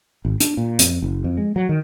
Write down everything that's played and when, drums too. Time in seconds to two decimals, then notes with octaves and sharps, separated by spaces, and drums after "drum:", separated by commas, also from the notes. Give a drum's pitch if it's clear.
0.25 G#1
0.40 D4, drum: hi-hat
0.57 A#2
0.79 F2, drum: hi-hat
1.02 F#1
1.24 F2
1.37 G#3
1.56 F#3
1.69 D#3